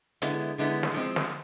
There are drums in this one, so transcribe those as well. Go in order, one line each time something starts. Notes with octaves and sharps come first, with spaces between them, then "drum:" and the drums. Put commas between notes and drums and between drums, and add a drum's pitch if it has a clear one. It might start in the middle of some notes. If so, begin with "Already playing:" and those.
D3 G#3 B3 E4, drum: hi-hat
D3 G#3 B3 E4
drum: snare
F3 G#3 C4
drum: snare